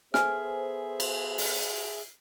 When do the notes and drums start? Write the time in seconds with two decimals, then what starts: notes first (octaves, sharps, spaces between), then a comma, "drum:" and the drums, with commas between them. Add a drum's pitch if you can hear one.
0.14 B3 G#4 A4 C5 E5 G#5 F6, drum: snare
1.00 drum: cymbal
1.38 drum: open hi-hat